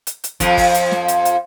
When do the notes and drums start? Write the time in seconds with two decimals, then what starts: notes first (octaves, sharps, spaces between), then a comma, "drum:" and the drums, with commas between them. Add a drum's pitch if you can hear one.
0.07 drum: hi-hat
0.24 drum: hi-hat
0.40 F2 F3, drum: kick, hi-hat
0.57 drum: kick, open hi-hat
0.74 drum: hi-hat
0.91 drum: snare
1.08 drum: hi-hat
1.25 drum: hi-hat